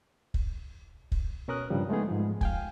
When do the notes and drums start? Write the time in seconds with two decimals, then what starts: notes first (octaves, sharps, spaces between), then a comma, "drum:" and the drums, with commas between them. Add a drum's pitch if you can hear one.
0.34 drum: kick
1.12 drum: kick
1.48 B2 C#4 A#4 D#6 F#6
1.70 G2 C#3 F3 G3
1.89 G#3 A3 B3 D#4 G#4
2.08 G#2 F3
2.41 F5 G5 G#5, drum: kick